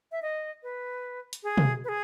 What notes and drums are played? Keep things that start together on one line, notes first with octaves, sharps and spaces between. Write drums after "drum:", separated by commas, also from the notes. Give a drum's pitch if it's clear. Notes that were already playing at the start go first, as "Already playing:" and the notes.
E5
D#5
B4
drum: hi-hat
G#4
drum: tom
B4
G#4